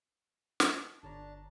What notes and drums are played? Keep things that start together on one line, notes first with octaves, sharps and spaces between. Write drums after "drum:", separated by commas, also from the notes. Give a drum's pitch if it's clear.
drum: snare
G1 D4 C#5 A5 A#5